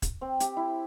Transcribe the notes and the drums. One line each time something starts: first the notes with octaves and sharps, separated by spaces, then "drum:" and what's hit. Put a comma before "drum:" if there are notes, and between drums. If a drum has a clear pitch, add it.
drum: kick, hi-hat
C4
G4, drum: hi-hat
E4